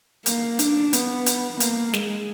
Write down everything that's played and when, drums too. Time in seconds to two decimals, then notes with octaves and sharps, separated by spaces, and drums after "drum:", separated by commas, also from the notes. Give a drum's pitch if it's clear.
0.26 A#3, drum: hi-hat
0.59 D4, drum: hi-hat
0.93 B3, drum: hi-hat
1.26 drum: hi-hat
1.60 A#3, drum: hi-hat
1.94 G#3, drum: snare